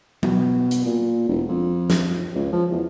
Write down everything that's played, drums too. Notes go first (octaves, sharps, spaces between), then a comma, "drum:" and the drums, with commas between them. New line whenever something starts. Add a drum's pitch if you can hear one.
B2, drum: tom F#3
drum: hi-hat
A#2
E1
F2
drum: snare
C#2
F3
E2